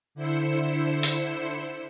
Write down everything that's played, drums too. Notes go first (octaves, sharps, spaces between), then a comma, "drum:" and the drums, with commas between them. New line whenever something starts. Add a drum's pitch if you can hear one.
D3 E4 C5 E6 C#7
drum: open hi-hat